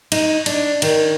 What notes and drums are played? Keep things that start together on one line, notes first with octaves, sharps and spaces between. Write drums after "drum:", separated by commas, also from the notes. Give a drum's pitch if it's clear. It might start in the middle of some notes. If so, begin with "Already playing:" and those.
D#4, drum: cymbal
D4, drum: cymbal
D#3, drum: cymbal